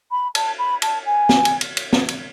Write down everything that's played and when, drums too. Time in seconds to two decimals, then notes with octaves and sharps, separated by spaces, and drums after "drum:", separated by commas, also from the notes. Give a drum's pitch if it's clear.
0.11 B5
0.35 A5, drum: cymbal
0.58 B5
0.82 A5, drum: cymbal
1.05 G#5
1.29 drum: snare
1.45 drum: cymbal
1.61 drum: cymbal
1.77 drum: cymbal
1.93 drum: snare
2.08 drum: cymbal